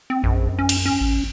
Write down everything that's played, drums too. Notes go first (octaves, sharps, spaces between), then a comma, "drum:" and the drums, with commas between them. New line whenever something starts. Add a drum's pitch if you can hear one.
C4
A#1 F#2
C#4
drum: cymbal
C#4
A1